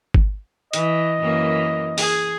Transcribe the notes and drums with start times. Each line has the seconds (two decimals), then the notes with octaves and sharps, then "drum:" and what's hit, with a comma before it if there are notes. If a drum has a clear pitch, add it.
0.14 drum: kick G1
0.73 E3 D#5, drum: hi-hat
1.20 F#2 E3 A#3
1.98 G#4, drum: open hi-hat